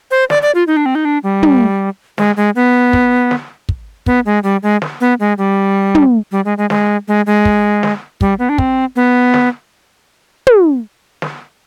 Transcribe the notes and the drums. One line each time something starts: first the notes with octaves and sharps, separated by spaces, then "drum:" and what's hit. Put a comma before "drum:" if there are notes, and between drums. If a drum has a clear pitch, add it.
C5
D5, drum: snare
D5
F4
D#4
D4
C4
D#4
D4
G3
drum: tom
G#3, drum: snare
G#3
B3
drum: kick
drum: snare
drum: kick
B3, drum: kick
G#3
G3
G#3
drum: snare
B3
G#3
G3
drum: tom
G3
G#3
G#3
G#3, drum: snare
G#3
G#3
drum: kick
drum: snare
G3, drum: kick
B3
D4
C4, drum: kick
B3
drum: snare
drum: tom
drum: snare